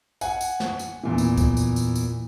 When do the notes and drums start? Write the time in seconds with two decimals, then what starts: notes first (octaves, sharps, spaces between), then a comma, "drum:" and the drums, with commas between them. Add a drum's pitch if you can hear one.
0.21 F#5 G#5, drum: tambourine
0.41 drum: tambourine
0.60 drum: snare
0.79 drum: tambourine
1.03 E2 A#2 E3
1.18 drum: tambourine
1.37 drum: kick C#2, tambourine
1.57 drum: tambourine
1.76 drum: tambourine
1.96 drum: tambourine